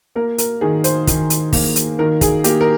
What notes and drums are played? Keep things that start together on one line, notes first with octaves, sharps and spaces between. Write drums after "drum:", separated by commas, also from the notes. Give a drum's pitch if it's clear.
A#3 A#4
A#4, drum: hi-hat
D#3 G#4
C5, drum: hi-hat
D#3, drum: kick, hi-hat
drum: hi-hat
A#3, drum: kick, open hi-hat
drum: hi-hat
D#3 A#4
G#4, drum: kick, hi-hat
A#3 G4, drum: hi-hat
A#4